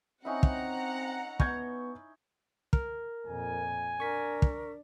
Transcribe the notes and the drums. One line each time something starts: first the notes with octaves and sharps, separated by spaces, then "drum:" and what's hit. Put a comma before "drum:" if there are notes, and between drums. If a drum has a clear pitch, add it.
C4 C#4 D#4 E4 F#5 A#5
drum: kick
B3 C#6 G6 G#6, drum: kick
A#4, drum: kick
F2 A#2 G#5
D4 A#4 C#6 B6
drum: kick